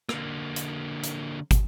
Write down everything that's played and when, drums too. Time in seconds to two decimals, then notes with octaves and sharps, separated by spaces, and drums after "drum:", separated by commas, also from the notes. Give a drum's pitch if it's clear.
0.09 D3 A#3, drum: rim click
0.56 drum: hi-hat
1.04 drum: hi-hat
1.51 drum: kick, hi-hat